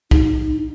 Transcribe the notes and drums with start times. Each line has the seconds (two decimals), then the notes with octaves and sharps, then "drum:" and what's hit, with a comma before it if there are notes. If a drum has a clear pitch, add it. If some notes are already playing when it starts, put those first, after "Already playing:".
0.11 D#4, drum: kick B1